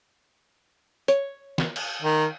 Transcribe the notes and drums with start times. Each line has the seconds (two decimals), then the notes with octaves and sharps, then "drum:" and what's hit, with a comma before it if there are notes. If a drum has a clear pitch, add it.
1.08 C#5, drum: hi-hat
1.58 drum: snare
1.76 drum: cymbal
2.02 D#3